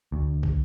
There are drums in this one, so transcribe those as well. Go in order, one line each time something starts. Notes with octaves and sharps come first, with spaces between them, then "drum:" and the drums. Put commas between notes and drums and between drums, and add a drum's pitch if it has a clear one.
D2
drum: kick